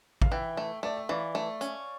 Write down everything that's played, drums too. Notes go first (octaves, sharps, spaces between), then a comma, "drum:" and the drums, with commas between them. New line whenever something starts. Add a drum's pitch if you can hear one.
F5, drum: kick A1
E3 E5 G5
A3
A3 D5
E5
E3 D5 F5
A3
C#4, drum: hi-hat